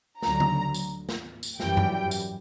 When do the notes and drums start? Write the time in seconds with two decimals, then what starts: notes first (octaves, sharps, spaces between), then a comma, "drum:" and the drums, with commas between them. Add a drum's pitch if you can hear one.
0.22 D2 D3 F#3 A#5, drum: snare
0.40 drum: tom C#3
0.74 drum: tambourine
1.09 drum: snare
1.43 drum: tambourine
1.60 F#2 E3 G3 G5, drum: snare
1.77 drum: tom F#2
2.11 drum: tambourine